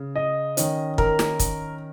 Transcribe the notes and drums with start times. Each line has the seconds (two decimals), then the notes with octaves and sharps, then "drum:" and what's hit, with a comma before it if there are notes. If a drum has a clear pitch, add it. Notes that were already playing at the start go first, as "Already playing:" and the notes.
Already playing: C#3
0.16 D#5
0.57 D#3 C#4, drum: hi-hat
0.98 A#4, drum: kick
1.19 drum: snare
1.39 drum: kick, hi-hat